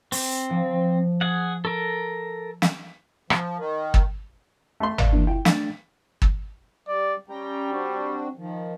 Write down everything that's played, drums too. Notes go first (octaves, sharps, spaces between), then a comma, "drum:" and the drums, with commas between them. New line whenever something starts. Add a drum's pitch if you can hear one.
C4, drum: open hi-hat
F3
G#4 F#5
A4 A#4
drum: snare
F3, drum: rim click
D#3
drum: kick
A3 C6
D5 F5, drum: tom
E3 A#3 D4
E4 F4 G5
A3 D4 A6, drum: snare
drum: kick
G3 D5
G3 C#4 G5 A#5
C4 D4 F#4
D#3 F3